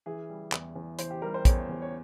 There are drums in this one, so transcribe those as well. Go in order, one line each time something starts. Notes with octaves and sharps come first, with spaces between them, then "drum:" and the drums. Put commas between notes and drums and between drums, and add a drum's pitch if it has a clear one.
E3 G#4
G3
E2, drum: clap
E2
E3 C5, drum: hi-hat
G4
G3 A#4
C5
E2 C#5, drum: kick, hi-hat
E2
C#5